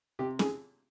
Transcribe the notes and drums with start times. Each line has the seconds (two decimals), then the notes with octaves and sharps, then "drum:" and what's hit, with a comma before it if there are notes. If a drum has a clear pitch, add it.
0.19 C3 G4
0.39 G#4, drum: snare